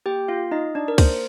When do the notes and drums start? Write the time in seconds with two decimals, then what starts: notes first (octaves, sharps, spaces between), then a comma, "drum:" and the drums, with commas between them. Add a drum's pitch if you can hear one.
0.06 A#3 G4 G5
0.28 F4 F5
0.51 D#4 D#5
0.75 D4 D5
0.88 A#4
0.98 A#3 C5, drum: kick C#2, cymbal